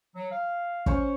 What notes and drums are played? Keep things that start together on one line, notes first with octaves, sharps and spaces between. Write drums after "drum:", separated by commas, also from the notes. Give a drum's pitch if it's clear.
F#3
F5
C#4 C5 C#6, drum: kick